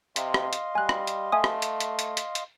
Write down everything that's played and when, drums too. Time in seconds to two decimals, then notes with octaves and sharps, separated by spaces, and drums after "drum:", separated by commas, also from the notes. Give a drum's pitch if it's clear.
0.16 C3 D#5 F5 C6, drum: hi-hat
0.34 drum: rim click
0.53 drum: hi-hat
0.75 G3 G#5 F#6
0.89 drum: rim click
1.07 drum: hi-hat
1.32 A3 E5 G#5 D#6
1.44 drum: rim click
1.62 drum: hi-hat
1.80 drum: hi-hat
1.99 drum: hi-hat
2.17 drum: hi-hat
2.35 drum: hi-hat